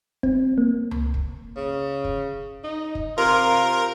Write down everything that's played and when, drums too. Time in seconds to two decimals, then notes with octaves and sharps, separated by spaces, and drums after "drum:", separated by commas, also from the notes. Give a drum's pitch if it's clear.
0.23 C4, drum: kick
0.58 A#3
0.91 drum: tom C#2
1.14 drum: kick
1.57 C#3
2.05 drum: kick
2.64 D#4
2.95 drum: kick
3.18 C3 F4 A#4